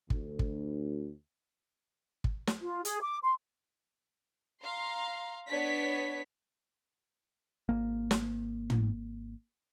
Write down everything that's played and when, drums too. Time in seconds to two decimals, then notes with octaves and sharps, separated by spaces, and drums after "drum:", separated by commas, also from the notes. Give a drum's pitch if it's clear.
0.10 D2, drum: kick
0.39 drum: kick
2.24 drum: kick
2.47 drum: snare
2.63 F4
2.85 G#4, drum: hi-hat
3.02 D6
3.24 C6
4.61 F5 A#5 C6
5.47 B3 D4 C#5 D5 B6
7.69 G#1 A#3
8.11 drum: snare
8.70 drum: tom